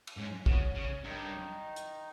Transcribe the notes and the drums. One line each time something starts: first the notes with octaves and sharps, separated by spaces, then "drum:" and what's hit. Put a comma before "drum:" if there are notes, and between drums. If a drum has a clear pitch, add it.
drum: cymbal
G#2 C#4
C#3 B3, drum: kick
C#3 C#4
G2 D#3 D#4
drum: hi-hat